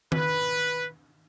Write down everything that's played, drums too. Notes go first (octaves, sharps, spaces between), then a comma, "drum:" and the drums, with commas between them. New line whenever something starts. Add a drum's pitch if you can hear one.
B4, drum: tom D#3